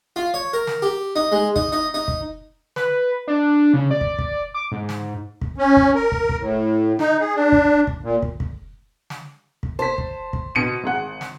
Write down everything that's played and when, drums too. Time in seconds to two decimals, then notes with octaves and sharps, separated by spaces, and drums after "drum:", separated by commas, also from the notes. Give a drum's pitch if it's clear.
0.16 F4
0.34 C#5
0.53 A#4
0.67 drum: snare
0.82 G4
1.16 D#4
1.32 G#3
1.56 D#4, drum: kick
1.72 D#4
1.94 D#4
2.08 drum: kick
2.76 B4, drum: snare
3.28 D4
3.74 C#3
3.91 D5
4.01 drum: kick
4.19 drum: kick
4.54 D6
4.72 G#2
4.89 drum: snare
5.41 drum: kick
5.58 C#4
5.77 drum: kick
5.94 A#4
6.12 drum: kick
6.29 drum: kick
6.39 A2
6.99 D#4, drum: snare
7.20 G#4
7.35 D4
7.52 drum: kick
7.87 drum: kick
8.03 A#2
8.22 drum: kick
8.40 drum: kick
9.10 drum: snare
9.63 drum: kick
9.79 C5 A5 B6
9.98 drum: kick
10.33 drum: kick
10.55 B2 C#7 D#7
10.84 G#1 G#4 F#5
11.21 drum: snare